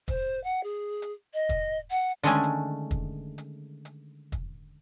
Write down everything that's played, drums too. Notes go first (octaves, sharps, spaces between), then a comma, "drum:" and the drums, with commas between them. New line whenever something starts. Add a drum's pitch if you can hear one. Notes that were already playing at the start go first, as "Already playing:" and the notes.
C5, drum: kick, hi-hat
F#5
G#4
drum: hi-hat
D#5
drum: kick, hi-hat
F#5
D3 D#3 G#3 A3 C#4 G#5
drum: hi-hat
drum: kick, hi-hat
drum: hi-hat
drum: hi-hat
drum: kick, hi-hat